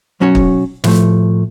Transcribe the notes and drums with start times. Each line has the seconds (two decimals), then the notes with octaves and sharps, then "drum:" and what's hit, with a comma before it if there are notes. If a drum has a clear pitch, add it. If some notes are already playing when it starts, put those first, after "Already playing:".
0.20 B1 F#3 C#4 F#4 C#5
0.35 drum: kick
0.84 A2 F3 A3, drum: snare